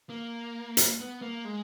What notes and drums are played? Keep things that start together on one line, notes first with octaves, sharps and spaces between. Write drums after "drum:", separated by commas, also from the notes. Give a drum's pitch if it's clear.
A#3
drum: hi-hat
B3
A#3
G#3